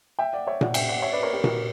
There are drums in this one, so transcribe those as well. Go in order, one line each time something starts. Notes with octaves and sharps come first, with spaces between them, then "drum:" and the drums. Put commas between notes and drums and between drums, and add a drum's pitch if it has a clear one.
E5 G5
D5 F#5
C#5 E5
D5 F#5, drum: tom A#2
E5 G5, drum: cymbal
D5 F#5
C#5 E5
B4 D5
A#4 C#5
G4 B4
F#4 A#4, drum: tom A#2